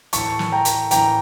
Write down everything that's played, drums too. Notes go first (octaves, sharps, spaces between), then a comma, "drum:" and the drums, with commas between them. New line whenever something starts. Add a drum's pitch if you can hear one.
A2 E3 A5 C#6, drum: hi-hat
drum: snare
G5 A#5
drum: hi-hat
A2 E3 G5 A#5, drum: hi-hat